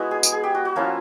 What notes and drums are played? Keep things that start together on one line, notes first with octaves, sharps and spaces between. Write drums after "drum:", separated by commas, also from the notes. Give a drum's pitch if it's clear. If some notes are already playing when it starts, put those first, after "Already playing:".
Already playing: G#3 B3 E4 F#4
G#4
drum: tambourine
G#4
G4
F#4
F#4
F3 A#3 C#4 E4 F4